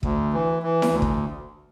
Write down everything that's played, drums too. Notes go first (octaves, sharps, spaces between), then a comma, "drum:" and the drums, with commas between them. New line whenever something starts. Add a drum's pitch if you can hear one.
D2, drum: kick
E3
E3
drum: snare E4
D2
drum: kick